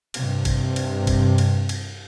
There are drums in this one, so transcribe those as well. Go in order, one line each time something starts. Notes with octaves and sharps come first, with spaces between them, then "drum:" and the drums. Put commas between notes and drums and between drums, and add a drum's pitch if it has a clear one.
G2 C3, drum: cymbal
drum: kick, cymbal
drum: cymbal
drum: kick, cymbal
drum: cymbal
drum: cymbal